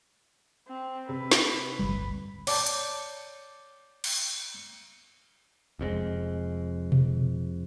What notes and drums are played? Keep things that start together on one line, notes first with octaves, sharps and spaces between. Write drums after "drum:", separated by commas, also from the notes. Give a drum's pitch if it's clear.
C4
C3 B4
drum: snare
D1 G1 G3
C#5 D5 G5 A5 A#5, drum: cymbal
drum: hi-hat
drum: cymbal
F1 F2 C3 G#3
drum: tom B2